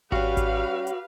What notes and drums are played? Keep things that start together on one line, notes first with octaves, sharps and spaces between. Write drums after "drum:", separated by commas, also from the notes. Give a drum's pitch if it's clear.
G3 C#4 F#4 G4 B4 F5, drum: kick G#1
drum: kick G#1, hi-hat
drum: hi-hat